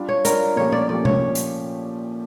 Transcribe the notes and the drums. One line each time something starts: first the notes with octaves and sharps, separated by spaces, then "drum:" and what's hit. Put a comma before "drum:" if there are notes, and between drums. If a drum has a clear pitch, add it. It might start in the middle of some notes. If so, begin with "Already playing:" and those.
Already playing: G3 D4 F4
C#5
G3 D4 F4 A#4, drum: hi-hat
A#2 F3 A3 C#4 G4 C#5
D5
A#2 F3 A3 C#4 G4 D5
C#5, drum: tom
drum: hi-hat